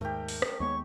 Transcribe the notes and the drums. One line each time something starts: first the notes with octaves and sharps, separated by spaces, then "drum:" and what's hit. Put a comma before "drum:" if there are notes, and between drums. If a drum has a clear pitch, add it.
D#2 G#2 A3 G4 A#4
drum: open hi-hat
drum: rim click
D#2 G#3 B3 C#5 C#6